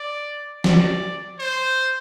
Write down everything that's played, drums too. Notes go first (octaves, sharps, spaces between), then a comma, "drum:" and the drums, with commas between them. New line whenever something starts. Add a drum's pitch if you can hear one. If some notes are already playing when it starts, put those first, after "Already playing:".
Already playing: D5
D5, drum: snare
C5